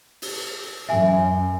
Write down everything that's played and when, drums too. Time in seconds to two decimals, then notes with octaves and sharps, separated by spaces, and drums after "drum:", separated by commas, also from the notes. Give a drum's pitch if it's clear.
0.22 drum: open hi-hat
0.89 F#2 E5 G#5